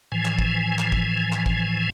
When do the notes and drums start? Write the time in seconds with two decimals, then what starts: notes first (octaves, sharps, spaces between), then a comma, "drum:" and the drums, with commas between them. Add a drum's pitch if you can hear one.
0.12 A2 E3 F3 G#5
0.25 drum: clap
0.39 drum: kick G#1
0.79 drum: clap
0.92 drum: kick G#1
1.32 drum: clap
1.46 drum: kick G#1